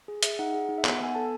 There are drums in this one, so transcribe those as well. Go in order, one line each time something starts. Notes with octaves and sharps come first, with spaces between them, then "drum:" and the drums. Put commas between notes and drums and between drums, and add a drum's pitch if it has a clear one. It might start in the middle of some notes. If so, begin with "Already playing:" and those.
G#4
G#4 E5, drum: hi-hat
D#4 F#5
G#4 F#5
D#4
E5
B3 F#5, drum: clap
B3 G#5
A4 A5